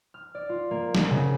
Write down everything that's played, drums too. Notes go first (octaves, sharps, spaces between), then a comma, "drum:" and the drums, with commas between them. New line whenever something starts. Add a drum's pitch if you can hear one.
F6
D5
F4
A#3
F#4, drum: snare
C#3